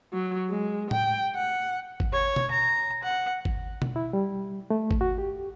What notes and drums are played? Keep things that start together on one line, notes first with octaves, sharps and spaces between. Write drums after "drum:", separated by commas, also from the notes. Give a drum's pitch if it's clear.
F#3
G#3
G5, drum: tom A2
F#5
drum: kick
C#5
drum: tom B2
A#5
F#5
drum: kick
drum: tom B2
E4
G3
A3
drum: kick
F#4
G4